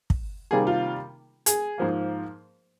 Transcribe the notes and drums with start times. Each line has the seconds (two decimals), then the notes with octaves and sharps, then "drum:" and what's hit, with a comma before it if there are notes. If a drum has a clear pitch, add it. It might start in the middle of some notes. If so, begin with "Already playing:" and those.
0.10 drum: kick
0.51 C3 D#3 G3 A#3 G#4
0.67 F4
1.46 G#4, drum: hi-hat
1.78 G#2 F3 A#3